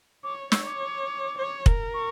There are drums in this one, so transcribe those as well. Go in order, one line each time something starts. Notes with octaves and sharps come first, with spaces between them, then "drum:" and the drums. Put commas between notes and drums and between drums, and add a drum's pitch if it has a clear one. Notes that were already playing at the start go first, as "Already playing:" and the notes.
C#5 D6
C#5 E6, drum: snare
D6
C#5
A#4, drum: kick
C#6